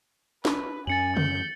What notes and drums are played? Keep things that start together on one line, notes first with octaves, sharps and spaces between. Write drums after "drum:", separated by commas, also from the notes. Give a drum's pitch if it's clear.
B4, drum: snare
F#2 C#4 G#5 A6 C#7 F#7
G6, drum: tom C#3